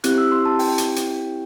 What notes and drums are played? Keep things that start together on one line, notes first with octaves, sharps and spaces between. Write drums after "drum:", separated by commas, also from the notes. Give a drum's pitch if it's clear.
C4 E4 G4 F#6, drum: hi-hat
E6
C6
A5
G5, drum: open hi-hat
drum: hi-hat
drum: hi-hat